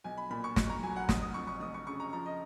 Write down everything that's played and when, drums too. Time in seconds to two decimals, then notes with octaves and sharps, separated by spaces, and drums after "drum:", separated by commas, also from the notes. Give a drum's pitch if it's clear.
0.04 B1 G#5
0.17 B5
0.30 A#2 B5
0.44 C#6
0.56 B1 C#6, drum: snare
0.70 A#5
0.83 F#3 G#5
0.96 F#5
1.09 F1 D#6, drum: snare
1.22 D#6
1.34 F2 C#6
1.47 C#6
1.60 F1 D#6
1.74 C#6
1.87 C#3 C#6
2.00 A#5
2.13 F3 A#5
2.26 D#5